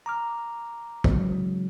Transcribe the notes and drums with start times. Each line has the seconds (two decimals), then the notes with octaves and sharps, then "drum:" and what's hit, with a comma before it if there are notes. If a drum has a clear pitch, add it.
0.06 A#5 D6 F6
1.04 C#3 E3 F#3 G#3, drum: kick